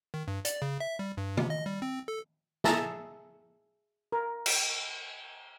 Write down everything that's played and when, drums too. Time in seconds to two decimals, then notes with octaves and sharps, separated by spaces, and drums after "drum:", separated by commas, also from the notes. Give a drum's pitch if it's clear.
0.14 D#3
0.28 G2
0.45 D5, drum: hi-hat
0.62 C#3
0.80 E5
0.99 G3
1.17 G2
1.37 C3, drum: tom D#3
1.50 D#5
1.66 G3
1.82 C4
2.08 A4
2.64 G#4 E5 A5 A#5, drum: snare
4.12 A#4
4.46 drum: cymbal